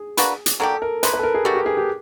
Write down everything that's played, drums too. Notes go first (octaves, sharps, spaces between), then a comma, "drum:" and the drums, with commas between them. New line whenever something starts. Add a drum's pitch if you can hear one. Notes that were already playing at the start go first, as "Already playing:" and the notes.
Already playing: G#4
A#3 D4 F#4 B4, drum: hi-hat
drum: hi-hat
F#3 A#3 D4 G4 A4
A#4
C#3 F3 A#3 B4, drum: hi-hat
B4
A4
A#4
G#4
A3 D4 F#4 G4
G4
G#4
G4